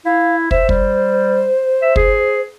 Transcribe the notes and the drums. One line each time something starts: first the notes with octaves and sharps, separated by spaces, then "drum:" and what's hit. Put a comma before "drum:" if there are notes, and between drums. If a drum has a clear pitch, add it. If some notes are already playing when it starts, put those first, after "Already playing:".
E4 F5
C5 E5, drum: kick
G3, drum: kick
E5
G#4, drum: kick